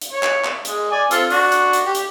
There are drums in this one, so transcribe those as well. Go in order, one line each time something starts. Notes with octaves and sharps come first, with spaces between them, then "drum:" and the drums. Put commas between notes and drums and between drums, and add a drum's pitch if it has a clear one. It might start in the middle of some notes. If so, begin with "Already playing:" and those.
drum: hi-hat
C#5
drum: clap
drum: clap
G#3, drum: hi-hat
D5 G#5
C4 F4 A4, drum: hi-hat
D4 F#4, drum: open hi-hat
drum: hi-hat
drum: hi-hat
G4
drum: hi-hat